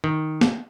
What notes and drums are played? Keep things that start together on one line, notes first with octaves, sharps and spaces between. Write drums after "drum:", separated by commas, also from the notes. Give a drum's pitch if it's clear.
D#3
drum: snare